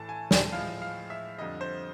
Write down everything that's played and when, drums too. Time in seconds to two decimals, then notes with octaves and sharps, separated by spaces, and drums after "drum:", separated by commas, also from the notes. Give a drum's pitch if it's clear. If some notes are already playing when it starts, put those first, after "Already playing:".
Already playing: A2 E3 A3 A5
0.09 G#5
0.31 G5, drum: snare
0.52 A2 F3 G#3 F5
0.82 F5
1.10 E5
1.38 F2 D3 G3 D#5
1.61 C5